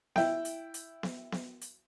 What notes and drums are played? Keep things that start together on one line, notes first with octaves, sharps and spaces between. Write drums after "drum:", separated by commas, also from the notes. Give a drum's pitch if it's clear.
E4 G5, drum: snare B3
drum: hi-hat
drum: hi-hat
drum: snare B3
drum: snare B3
drum: hi-hat